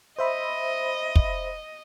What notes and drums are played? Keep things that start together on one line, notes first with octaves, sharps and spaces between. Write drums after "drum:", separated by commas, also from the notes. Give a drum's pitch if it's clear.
C5 D#5 E5 B5
drum: kick